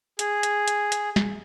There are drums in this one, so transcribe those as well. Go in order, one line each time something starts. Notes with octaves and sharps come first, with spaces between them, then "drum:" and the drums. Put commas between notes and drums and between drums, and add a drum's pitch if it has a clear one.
G#4, drum: hi-hat
drum: hi-hat
drum: hi-hat
drum: hi-hat
drum: snare